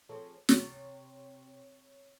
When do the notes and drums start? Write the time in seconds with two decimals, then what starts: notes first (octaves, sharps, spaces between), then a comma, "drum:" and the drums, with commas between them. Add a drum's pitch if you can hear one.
0.09 F3 C4 G#4 A4 C#5
0.49 C3 C#5, drum: snare